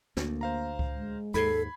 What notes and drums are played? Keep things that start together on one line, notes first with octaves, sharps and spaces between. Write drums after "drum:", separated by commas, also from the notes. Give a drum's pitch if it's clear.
D2 A#3, drum: snare
C5 F5 A#5
drum: kick C#2
G#3
D#2 G#2 A4 B5 G#6 C7, drum: hi-hat